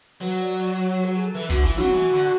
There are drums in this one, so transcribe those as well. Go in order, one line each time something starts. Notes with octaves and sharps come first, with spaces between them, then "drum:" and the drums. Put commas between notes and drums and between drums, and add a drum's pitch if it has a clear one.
F#3 B4
D5
D5, drum: hi-hat
C#5
F#4
G#4
A4
E3 B4
D3 F#4, drum: kick
E3 E4
F#3 F#4, drum: snare
E3
D3